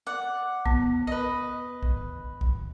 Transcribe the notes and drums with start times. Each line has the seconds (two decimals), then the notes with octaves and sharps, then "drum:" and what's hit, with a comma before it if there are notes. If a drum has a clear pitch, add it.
0.06 D5 F#5
0.66 B3, drum: kick B1
1.07 B4 D#5
1.83 drum: kick B1
2.41 drum: kick B1